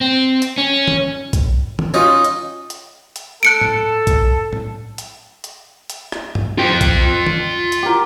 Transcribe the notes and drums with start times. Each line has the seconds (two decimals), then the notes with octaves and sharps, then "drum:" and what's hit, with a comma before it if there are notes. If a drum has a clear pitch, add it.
0.01 C4
0.42 drum: hi-hat
0.58 C#4
0.88 drum: tom
1.33 drum: kick, hi-hat
1.79 drum: tom
1.94 C#4 D#4 F4
2.24 drum: hi-hat
2.70 drum: hi-hat
3.16 drum: hi-hat
3.43 A4 F#6 C#7 D7
3.61 drum: tom A2
4.07 drum: kick, hi-hat
4.53 drum: tom A2
4.98 drum: hi-hat
5.44 drum: hi-hat
5.90 drum: hi-hat
6.12 drum: rim click
6.35 drum: tom G2
6.58 F4 G5
6.81 drum: kick, hi-hat
7.26 drum: tom
7.72 drum: hi-hat
7.83 G4 A#4